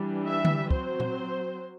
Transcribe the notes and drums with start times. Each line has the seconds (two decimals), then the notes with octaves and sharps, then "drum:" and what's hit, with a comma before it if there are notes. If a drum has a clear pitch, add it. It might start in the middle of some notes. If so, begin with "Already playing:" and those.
Already playing: E3 G3 D4
0.27 E5
0.45 drum: tom D3
0.71 F#3 C4 C5, drum: kick
1.00 drum: tom A#2